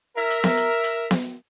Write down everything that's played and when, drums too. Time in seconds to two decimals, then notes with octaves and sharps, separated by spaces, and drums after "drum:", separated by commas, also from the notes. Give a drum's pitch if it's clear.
0.17 A#4 E5
0.30 drum: hi-hat
0.44 drum: snare B3
0.57 drum: hi-hat
0.84 drum: hi-hat
1.11 drum: snare B3